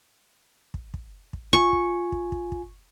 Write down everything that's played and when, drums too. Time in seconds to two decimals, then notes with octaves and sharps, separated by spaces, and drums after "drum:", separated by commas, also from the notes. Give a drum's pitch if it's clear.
0.74 drum: kick
0.94 drum: kick
1.33 drum: kick
1.53 F4 G#5 C#6, drum: kick
1.73 drum: kick
2.12 drum: kick
2.32 drum: kick
2.52 drum: kick